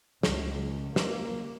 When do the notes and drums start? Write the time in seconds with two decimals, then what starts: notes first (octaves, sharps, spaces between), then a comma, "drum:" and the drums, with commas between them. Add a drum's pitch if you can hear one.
0.23 C#2, drum: snare
0.96 A#3, drum: snare